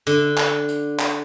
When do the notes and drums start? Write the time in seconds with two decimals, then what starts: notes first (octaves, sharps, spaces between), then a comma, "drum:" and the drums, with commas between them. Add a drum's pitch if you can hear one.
0.07 D3, drum: hi-hat
0.38 drum: clap
0.68 drum: hi-hat
0.99 drum: clap